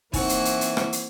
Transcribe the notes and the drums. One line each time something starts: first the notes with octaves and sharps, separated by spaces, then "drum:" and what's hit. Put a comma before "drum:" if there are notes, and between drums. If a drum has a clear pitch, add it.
E3 A#3 C4 D#4 F#4 C5 G#5, drum: kick, open hi-hat
drum: hi-hat
drum: hi-hat
drum: hi-hat
drum: rim click
drum: hi-hat